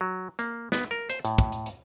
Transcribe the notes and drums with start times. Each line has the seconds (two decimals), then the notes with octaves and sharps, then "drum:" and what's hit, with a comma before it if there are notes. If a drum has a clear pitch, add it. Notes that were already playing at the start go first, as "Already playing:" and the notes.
0.01 F#3
0.39 A#3, drum: hi-hat
0.72 B3, drum: snare
0.91 A#4
1.10 C5, drum: hi-hat
1.25 A2, drum: hi-hat
1.38 drum: kick, hi-hat
1.52 drum: hi-hat
1.66 drum: hi-hat